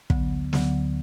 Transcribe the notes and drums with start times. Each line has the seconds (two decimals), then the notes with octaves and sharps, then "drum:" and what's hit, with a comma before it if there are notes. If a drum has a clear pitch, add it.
0.10 D2 D3 F#3 B3, drum: kick
0.53 D2 D3 F#3 B3, drum: snare